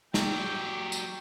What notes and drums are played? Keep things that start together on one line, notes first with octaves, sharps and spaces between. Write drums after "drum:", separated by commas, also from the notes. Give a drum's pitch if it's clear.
F#3 G4 G5, drum: snare
drum: tambourine